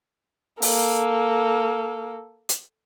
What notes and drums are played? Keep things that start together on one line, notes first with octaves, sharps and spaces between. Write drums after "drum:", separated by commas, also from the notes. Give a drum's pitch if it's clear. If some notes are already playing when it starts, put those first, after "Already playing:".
A#3 A4, drum: open hi-hat
drum: hi-hat